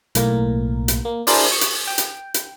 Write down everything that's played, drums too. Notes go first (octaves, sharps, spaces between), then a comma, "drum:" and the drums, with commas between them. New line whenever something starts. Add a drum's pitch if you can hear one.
B1 A2 A#3 A#4, drum: hi-hat
drum: hi-hat
A#3
D4 E4 G#4 A#4 C5 D5, drum: open hi-hat
C#6
drum: hi-hat
G5
drum: hi-hat
drum: hi-hat